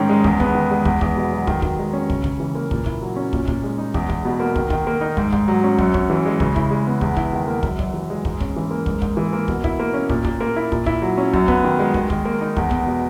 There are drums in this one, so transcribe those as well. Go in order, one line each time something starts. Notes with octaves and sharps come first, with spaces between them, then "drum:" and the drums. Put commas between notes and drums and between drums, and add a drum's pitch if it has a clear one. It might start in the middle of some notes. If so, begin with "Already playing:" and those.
Already playing: G#2 D#3 C#4 D#4
G#3
E2, drum: kick
B3, drum: kick
D#3
G#3
E2, drum: kick
E2, drum: kick
B2
F#3
D#3, drum: kick
D#3, drum: kick
G#3
C#4
C#3, drum: kick
C#3, drum: kick
E3
A#3
A#2, drum: kick
E4, drum: kick
F#3
C#4
A#2, drum: kick
A#2, drum: kick
G#3
D#4
E2, drum: kick
E2, drum: kick
B2
A#3
D#3, drum: kick
D#3, drum: kick
A#3
D#4
G#2, drum: kick
G#2, drum: kick
F#3
C#4
F#2, drum: kick
C#4, drum: kick
E3
G#3
C#3, drum: kick
E4, drum: kick
G#3
B3
E2, drum: kick
E4, drum: kick
D#3
A#3
F#2, drum: kick
F#2, drum: kick
E3
G#3
G#2, drum: kick
C#4, drum: kick
E3
A#3
G#2, drum: kick
G#2, drum: kick
E3
A#3
B2, drum: kick
E4, drum: kick
A#3
C#4
A#2, drum: kick
A#2, drum: kick
A#3
E4
A#2, drum: kick
E4, drum: kick
F#3
C#4
F#2, drum: kick
B3, drum: kick
D#3
G#3
D#3, drum: kick
D#3, drum: kick
A#3
D#4
E2, drum: kick
B3, drum: kick
B2